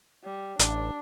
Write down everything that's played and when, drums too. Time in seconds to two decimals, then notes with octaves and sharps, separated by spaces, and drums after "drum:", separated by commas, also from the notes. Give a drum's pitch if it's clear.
0.24 G3
0.59 A1 D4, drum: hi-hat